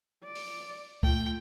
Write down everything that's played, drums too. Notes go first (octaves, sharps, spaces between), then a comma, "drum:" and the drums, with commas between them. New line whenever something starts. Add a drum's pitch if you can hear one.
D5
drum: open hi-hat
A3 F4 G5, drum: kick C#2